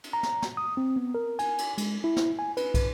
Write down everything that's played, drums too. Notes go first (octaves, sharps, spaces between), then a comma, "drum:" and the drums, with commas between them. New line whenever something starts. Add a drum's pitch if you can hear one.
drum: cymbal
A#5
drum: snare
drum: snare
D#6
C4
B3
A#4
G#5, drum: cymbal
drum: cymbal
G#3, drum: cymbal
E4
drum: snare
G#5
B4, drum: cymbal
drum: kick, cymbal